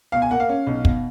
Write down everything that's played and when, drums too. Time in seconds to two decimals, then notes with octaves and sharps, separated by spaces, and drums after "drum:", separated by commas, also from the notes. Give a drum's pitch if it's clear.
0.12 B2 F5
0.22 G#5
0.31 A#3 F#5
0.40 F5
0.49 C#4
0.67 B1
0.85 B2, drum: kick